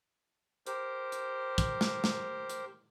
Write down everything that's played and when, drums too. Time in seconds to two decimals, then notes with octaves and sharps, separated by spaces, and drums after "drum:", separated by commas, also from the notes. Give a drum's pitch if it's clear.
0.66 G4 A#4 C5, drum: hi-hat
1.12 drum: hi-hat
1.58 drum: kick, hi-hat
1.81 drum: snare
2.04 drum: snare
2.50 drum: hi-hat